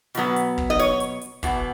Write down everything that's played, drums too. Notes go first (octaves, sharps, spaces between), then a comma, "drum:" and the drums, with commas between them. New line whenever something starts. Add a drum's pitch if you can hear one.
B2 F#3 B3, drum: snare
drum: hi-hat
drum: kick
D#5
C#5, drum: snare
drum: hi-hat
drum: hi-hat
E2 B2 B3, drum: kick, hi-hat